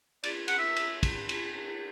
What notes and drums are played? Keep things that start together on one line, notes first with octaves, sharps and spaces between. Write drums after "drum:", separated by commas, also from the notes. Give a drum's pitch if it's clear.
D5, drum: cymbal
F#5, drum: cymbal
E5
drum: cymbal
drum: kick, cymbal
drum: cymbal